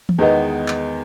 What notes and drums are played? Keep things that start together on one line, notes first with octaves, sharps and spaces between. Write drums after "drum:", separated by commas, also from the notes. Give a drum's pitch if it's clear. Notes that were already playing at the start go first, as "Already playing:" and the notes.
drum: tom E3
E2 D#3 G#3 B3 D#4
drum: clap